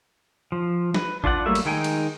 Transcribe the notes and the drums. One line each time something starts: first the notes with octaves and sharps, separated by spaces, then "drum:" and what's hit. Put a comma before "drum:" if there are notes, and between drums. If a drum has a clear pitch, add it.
F3
B4, drum: snare
D4 F4 D5 F#5, drum: kick
F#3 G3 A3 A#3 E5
drum: cymbal
D#3 G#3 D#4 G5 G#5
drum: cymbal